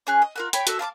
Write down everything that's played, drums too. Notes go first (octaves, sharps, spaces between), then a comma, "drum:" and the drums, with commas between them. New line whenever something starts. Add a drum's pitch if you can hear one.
C#4 G#4 F#6
D#5
F4 A#4 F#5
C#5 G5 B5, drum: hi-hat
F#4 A4 E5, drum: hi-hat
F5 A5 B5 D6